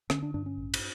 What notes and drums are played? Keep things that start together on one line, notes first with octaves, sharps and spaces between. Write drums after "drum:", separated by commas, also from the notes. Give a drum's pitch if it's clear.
D3 C#4, drum: rim click
D4
G2 D4
C#4
A1
drum: cymbal